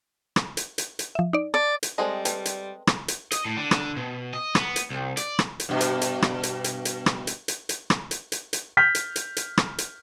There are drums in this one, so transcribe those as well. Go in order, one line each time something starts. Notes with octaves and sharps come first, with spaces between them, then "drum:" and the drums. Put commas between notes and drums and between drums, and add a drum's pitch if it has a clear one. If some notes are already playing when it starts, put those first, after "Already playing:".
drum: rim click
drum: hi-hat
drum: hi-hat
drum: hi-hat
F3 E5
D#4 D5
D5 A5
drum: hi-hat
G3 G#3 C4 A4 D5 D#5 A5
B4 G5 A5, drum: hi-hat
drum: hi-hat
drum: rim click
drum: hi-hat
D#5, drum: hi-hat
A2
D3
drum: rim click
B2
D#5
B3, drum: rim click
drum: hi-hat
C2
D5, drum: hi-hat
drum: rim click
drum: hi-hat
G2 B2
drum: hi-hat
drum: hi-hat
drum: rim click
drum: hi-hat
drum: hi-hat
drum: hi-hat
drum: rim click
drum: hi-hat
drum: hi-hat
drum: hi-hat
drum: rim click
drum: hi-hat
drum: hi-hat
drum: hi-hat
F6 G6 B6
drum: hi-hat
drum: hi-hat
drum: hi-hat
drum: rim click
drum: hi-hat